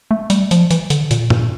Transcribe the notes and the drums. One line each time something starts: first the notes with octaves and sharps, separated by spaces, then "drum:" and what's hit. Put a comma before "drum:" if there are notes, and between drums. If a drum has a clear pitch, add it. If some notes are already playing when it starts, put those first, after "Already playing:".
A3
G3, drum: hi-hat
F3, drum: hi-hat
E3, drum: hi-hat
D3, drum: hi-hat
A#2, drum: hi-hat
A#2, drum: tom